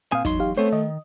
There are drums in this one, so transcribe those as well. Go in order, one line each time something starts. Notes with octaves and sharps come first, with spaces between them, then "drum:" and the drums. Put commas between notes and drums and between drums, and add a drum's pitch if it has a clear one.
A#2 C4 F5 G#5 D#6
E2 F#3 D#4 C6, drum: kick, hi-hat
D#4 G4 F5
A3 B3 C4 C5 C#5
D#3 D#5